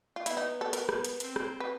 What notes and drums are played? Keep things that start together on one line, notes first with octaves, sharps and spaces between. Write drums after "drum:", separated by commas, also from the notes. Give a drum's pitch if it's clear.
F4
B3 E4, drum: hi-hat
D#4
A4
A#4, drum: hi-hat
drum: rim click
drum: hi-hat
C4, drum: hi-hat
drum: rim click
B4